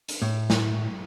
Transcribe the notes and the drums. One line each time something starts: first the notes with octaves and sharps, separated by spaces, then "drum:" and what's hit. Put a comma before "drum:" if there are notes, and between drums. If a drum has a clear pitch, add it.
drum: hi-hat
A2
drum: snare